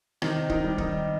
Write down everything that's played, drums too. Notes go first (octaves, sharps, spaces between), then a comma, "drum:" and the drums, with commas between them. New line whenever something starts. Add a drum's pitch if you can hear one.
C3 D#3 D#4, drum: rim click
D#3 D#4, drum: kick
G3
D#3 D#4, drum: kick